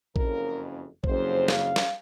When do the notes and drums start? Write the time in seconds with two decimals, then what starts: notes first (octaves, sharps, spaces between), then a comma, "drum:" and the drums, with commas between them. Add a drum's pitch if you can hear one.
0.16 F#1 F2 C#3 A#4, drum: kick A1
1.04 F#1 F2 C#3 C5, drum: kick A1
1.48 F5, drum: snare
1.76 drum: snare